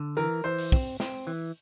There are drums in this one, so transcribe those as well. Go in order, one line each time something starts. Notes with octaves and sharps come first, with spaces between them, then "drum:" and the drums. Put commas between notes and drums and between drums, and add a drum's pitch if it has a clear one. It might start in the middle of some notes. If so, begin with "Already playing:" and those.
Already playing: D3
E3 A#4
E3 C5
drum: open hi-hat
C4, drum: kick
C4, drum: snare
E3